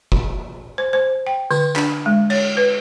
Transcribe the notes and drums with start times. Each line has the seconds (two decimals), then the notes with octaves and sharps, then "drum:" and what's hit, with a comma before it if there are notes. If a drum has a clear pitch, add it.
0.12 drum: kick F1
0.78 C5
0.93 C5
1.27 G5
1.51 D3, drum: tambourine
1.76 D4, drum: clap
2.06 G#3
2.30 C#5, drum: cymbal
2.57 B4